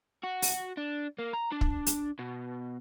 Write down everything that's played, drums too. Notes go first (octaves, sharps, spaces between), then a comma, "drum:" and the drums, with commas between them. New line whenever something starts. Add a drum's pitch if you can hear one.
F#4
drum: open hi-hat
D4
A#3
A#5
D4
drum: kick
drum: hi-hat
B2